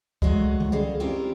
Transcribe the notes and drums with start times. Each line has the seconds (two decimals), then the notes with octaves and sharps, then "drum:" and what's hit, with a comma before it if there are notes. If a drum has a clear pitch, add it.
0.22 F#3 G#3 A3 F#4 D#5 F5, drum: kick C#2
0.60 drum: tom D3
0.72 G3 C#4 G#4 A4 D#5 F5
1.00 C4 C#4 E4 F4 G4 A#4